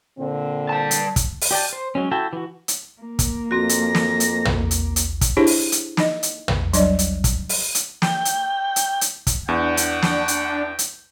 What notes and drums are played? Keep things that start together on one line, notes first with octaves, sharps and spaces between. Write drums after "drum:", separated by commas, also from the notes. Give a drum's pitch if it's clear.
A#2 D3 C4
G3 A5
drum: hi-hat
drum: kick, hi-hat
drum: open hi-hat
G4 D5 G5 A5
C5
F#3 G#3 C#4
E4 F#4 A4 G5 A5
E3 F#4
drum: hi-hat
A#3
drum: kick, hi-hat
F2 C4 F#4 A#6
drum: hi-hat
drum: snare
drum: hi-hat
drum: tom
drum: hi-hat
drum: hi-hat
drum: kick, hi-hat
D4 E4 G4 G#4 C5 C#5
drum: open hi-hat
drum: hi-hat
D#4 D#5, drum: snare
drum: hi-hat
drum: tom
F#3 G3 D4 D5 D#5, drum: hi-hat
drum: hi-hat
drum: kick, hi-hat
drum: open hi-hat
drum: hi-hat
G5, drum: snare
drum: hi-hat
drum: hi-hat
drum: hi-hat
drum: kick, hi-hat
E2 D4 F#5 G5
drum: hi-hat
drum: snare
drum: hi-hat
drum: hi-hat